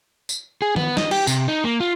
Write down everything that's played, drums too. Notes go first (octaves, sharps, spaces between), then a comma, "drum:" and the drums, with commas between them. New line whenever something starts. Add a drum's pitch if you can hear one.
drum: tambourine
G#4
B3, drum: tom D#3
D#5, drum: snare
G4, drum: cymbal
C3, drum: tambourine
D#4
A#3
F4